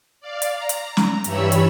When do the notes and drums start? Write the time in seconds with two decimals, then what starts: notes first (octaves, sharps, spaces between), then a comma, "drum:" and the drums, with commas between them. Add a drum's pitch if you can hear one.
0.21 D5 F5
0.42 drum: hi-hat
0.54 A#5
0.69 drum: hi-hat
0.97 drum: snare
1.24 G2 E3 G3 C#5 B5 E6, drum: hi-hat
1.52 drum: hi-hat